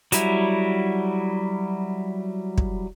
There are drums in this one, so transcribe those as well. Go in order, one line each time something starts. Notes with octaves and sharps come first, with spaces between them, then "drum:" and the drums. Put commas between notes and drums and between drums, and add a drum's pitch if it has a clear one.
F#3 G3 E4, drum: hi-hat
drum: kick